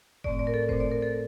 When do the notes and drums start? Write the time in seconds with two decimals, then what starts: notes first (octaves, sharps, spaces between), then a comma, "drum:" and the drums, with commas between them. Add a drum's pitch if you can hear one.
0.24 A2 A3 C4 D5, drum: kick F#1
0.39 D5
0.47 A#4
0.54 A4
0.69 A#2 A3 C4 C5, drum: kick F#1
0.80 D5
0.91 A#4
1.02 A4